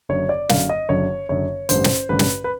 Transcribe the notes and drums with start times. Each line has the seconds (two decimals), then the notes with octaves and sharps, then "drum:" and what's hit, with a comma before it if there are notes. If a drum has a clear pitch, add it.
0.09 F#1 F#2 D3 C#5
0.29 D5
0.49 F#1 F#2 D3 F5, drum: snare
0.69 D#5
0.89 F#1 F#2 D3 C#5
1.29 F#1 F#2 D3 C#5
1.69 A1 G2 D3 C5, drum: hi-hat
1.84 drum: snare
2.09 A1 G2 D3 B4
2.19 drum: snare
2.44 B4